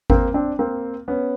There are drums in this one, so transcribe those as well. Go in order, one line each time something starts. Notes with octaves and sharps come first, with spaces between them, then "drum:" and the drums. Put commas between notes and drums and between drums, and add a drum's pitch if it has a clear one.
A#3 C4, drum: kick G#1
C4 D4
A#3 C4
B3 C#4